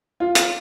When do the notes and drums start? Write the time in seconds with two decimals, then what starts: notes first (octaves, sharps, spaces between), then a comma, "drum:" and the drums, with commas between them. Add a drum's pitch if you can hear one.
0.20 F4
0.35 drum: hi-hat